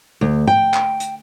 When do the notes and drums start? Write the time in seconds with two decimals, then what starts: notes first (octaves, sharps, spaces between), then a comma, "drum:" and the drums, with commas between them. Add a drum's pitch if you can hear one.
0.21 D2
0.47 G5, drum: tom
0.74 drum: clap
1.00 drum: hi-hat